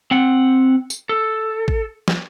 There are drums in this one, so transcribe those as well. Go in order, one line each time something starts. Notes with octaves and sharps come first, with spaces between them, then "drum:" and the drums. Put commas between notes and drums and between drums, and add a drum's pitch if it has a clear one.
C4 F#5
drum: tambourine
A4
drum: kick
drum: snare